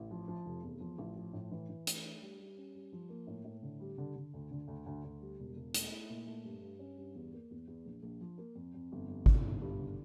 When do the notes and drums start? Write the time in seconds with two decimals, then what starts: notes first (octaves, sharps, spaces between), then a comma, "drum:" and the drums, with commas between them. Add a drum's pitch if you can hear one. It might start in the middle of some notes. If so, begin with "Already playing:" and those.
Already playing: A1
0.11 F3
0.28 F3
0.46 F1
0.64 E2
0.80 F3
0.98 A1
1.16 F3
1.33 A2
1.51 E3
1.69 E3
1.87 A3, drum: hi-hat
2.03 D4
2.21 G3
2.39 G3
2.57 C#4
2.75 G3
2.93 F3
3.09 A#3
3.27 A2
3.44 A2
3.63 D3
3.80 G3
3.98 D3
4.16 D3
4.34 D2
4.51 D3
4.68 D2
4.86 D2
5.04 D2
5.21 G3
5.39 E1
5.56 E1
5.74 A3, drum: hi-hat
5.92 E4
6.10 A#2
6.27 A3
6.44 G2
6.62 G2
6.79 C#4
6.97 G2
7.15 E2
7.33 A#3
7.51 E2
7.68 E2
7.85 A#1
8.03 A#1
8.21 F3
8.38 A#3
8.56 F2
8.74 F2
8.92 G1
9.09 F2
9.26 D3, drum: kick G#1
9.44 G1
9.61 G2
9.79 D3